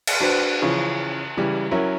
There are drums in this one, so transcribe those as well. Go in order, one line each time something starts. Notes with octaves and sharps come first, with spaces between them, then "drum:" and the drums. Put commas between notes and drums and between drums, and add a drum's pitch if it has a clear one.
drum: cymbal
D4 F#4 B4 C5
C#3 E3 F3 C#4
C#3 E3 G3
F#3 C#4 E4 A#4